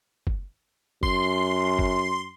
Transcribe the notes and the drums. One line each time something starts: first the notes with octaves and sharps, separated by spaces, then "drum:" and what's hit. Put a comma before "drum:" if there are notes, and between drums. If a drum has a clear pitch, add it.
drum: kick F#1
F#2 C6, drum: kick F#1
drum: kick F#1